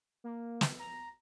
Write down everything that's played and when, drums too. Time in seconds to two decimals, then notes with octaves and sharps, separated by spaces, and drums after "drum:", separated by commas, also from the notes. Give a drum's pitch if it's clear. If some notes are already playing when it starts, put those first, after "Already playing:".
0.24 A#3
0.61 drum: snare
0.79 A#5